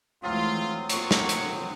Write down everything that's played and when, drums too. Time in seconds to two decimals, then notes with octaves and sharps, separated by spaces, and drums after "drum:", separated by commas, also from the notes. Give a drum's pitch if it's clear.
0.23 D2 E3 F#3 G#3 C4 F4 D#6
0.90 A#3 F4 F#4 C#5 C#6, drum: hi-hat
1.11 drum: snare
1.29 drum: hi-hat